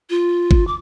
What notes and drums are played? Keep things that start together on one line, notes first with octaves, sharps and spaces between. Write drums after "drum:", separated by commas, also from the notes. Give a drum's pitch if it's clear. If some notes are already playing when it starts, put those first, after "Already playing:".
F4
drum: kick
D6